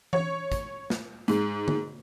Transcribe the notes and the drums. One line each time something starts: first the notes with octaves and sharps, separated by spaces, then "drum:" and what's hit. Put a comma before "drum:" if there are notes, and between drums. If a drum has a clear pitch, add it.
C#5, drum: tom E3
drum: kick, hi-hat
drum: snare
G#2, drum: hi-hat
drum: tom